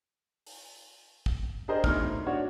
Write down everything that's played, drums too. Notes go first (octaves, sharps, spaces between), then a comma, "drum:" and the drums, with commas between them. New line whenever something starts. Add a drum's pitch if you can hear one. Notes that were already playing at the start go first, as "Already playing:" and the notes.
drum: open hi-hat
drum: kick
D4 G4 G#4 A#4 C5 D#5
D2 A2 D#4 F6, drum: kick
D4 F#4 C#5